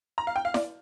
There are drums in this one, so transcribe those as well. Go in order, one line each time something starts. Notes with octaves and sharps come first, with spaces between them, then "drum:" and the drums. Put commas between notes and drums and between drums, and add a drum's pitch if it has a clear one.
A#5
F5
G5
F5
D5, drum: snare E4